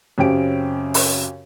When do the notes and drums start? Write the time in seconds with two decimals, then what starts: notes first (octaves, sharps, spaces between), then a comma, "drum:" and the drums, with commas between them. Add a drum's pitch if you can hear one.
0.18 F#2 C#3 C4 G4 G5 D7
0.94 drum: open hi-hat